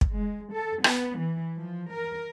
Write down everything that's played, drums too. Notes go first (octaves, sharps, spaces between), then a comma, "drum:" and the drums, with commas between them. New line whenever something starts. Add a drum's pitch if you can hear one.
drum: kick
G#3
A4
B3, drum: rim click
E3
F3
A#4